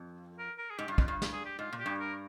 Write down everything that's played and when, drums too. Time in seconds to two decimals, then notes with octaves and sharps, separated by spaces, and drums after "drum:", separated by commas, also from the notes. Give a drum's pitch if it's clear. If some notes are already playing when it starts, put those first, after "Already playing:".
Already playing: F2
0.39 A#4
0.58 A#4
0.70 G#4
0.78 G#2 G4
0.88 G2 F4
0.98 F2, drum: kick
1.05 G2 F4
1.22 drum: snare
1.32 G#4
1.45 G4
1.59 G#2 F4
1.73 A#2
1.80 G4
1.86 G2
2.00 A#4